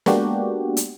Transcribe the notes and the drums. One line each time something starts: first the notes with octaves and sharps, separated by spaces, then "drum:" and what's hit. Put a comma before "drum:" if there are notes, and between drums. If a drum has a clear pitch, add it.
G#3 A#3 B3 D4 F#4 G4, drum: snare
drum: hi-hat